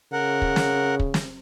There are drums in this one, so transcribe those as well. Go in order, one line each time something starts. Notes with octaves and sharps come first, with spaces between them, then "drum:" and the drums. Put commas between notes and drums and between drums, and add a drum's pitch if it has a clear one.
C#3 A#4 F#5
drum: kick
drum: snare
drum: kick
drum: snare